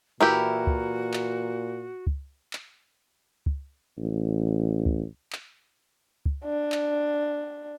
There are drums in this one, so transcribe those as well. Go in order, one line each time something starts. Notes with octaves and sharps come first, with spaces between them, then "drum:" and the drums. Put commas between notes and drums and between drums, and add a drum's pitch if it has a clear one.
A#2 E3 E4 F#4 G4 A#4
drum: kick
drum: clap
drum: kick
drum: clap
drum: kick
A1
drum: kick
drum: clap
drum: kick
D4
drum: clap